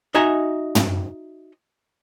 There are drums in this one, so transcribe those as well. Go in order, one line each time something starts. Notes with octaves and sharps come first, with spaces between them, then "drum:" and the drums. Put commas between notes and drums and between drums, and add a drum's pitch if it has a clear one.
D#4 F#4 D#5 E5 G#5 A#5
drum: tom